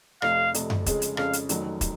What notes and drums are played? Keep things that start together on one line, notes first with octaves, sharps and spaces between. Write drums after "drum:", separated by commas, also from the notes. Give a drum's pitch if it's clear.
F1 F2 C3 F5, drum: rim click
F1 F2 C3, drum: hi-hat
drum: tom F#2
F2 C#3 G#3 C#4 G#4, drum: kick, hi-hat
drum: hi-hat
F2 C#3 G#3 C#4 G#4 F5, drum: rim click
drum: hi-hat
F1 F2 D#3 F#3, drum: hi-hat
drum: kick, hi-hat